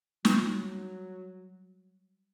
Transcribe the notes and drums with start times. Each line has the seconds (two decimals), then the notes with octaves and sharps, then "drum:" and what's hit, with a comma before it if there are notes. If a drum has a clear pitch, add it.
0.25 F#3 G3, drum: snare